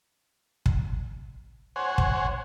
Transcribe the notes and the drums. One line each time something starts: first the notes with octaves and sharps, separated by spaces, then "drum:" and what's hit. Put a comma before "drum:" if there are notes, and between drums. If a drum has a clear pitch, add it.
drum: kick
C5 C#5 F#5 G#5
drum: kick